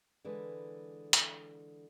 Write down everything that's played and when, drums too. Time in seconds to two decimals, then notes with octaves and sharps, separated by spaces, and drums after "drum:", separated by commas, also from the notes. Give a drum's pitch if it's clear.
0.25 D3 E3 G#3 B4
1.13 drum: hi-hat